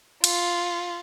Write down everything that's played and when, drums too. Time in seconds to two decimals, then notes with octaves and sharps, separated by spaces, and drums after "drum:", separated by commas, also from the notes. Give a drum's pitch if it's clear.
0.24 F4, drum: cymbal